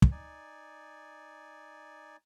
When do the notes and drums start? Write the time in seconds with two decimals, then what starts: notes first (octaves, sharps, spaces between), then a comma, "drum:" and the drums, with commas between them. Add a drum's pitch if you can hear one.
0.02 drum: kick
0.12 D#4 D5 G#5